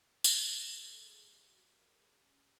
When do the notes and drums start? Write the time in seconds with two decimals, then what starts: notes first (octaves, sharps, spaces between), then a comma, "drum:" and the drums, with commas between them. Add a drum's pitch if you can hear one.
0.24 C#5, drum: tambourine
0.37 C5
0.48 B4
0.74 A4
0.98 G#4
1.24 G4
1.48 F#4
1.74 A#4
1.88 G#4
1.98 G4
2.23 C#4